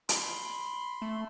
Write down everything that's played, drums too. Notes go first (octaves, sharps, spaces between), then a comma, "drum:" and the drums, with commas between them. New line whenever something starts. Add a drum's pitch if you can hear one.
B5 C6, drum: hi-hat
A3